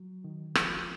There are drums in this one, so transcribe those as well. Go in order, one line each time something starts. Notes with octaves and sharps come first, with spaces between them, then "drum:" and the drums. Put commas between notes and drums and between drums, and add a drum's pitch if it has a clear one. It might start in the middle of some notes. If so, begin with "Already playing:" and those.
Already playing: F#3
D#3
D2 F3, drum: rim click